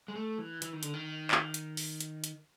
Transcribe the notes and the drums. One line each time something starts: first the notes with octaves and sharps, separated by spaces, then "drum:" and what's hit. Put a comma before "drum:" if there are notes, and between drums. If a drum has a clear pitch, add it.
G#3
A3
E3
E3, drum: hi-hat
D#3
D3, drum: hi-hat
D#3
drum: clap
drum: hi-hat
drum: open hi-hat
drum: hi-hat
drum: hi-hat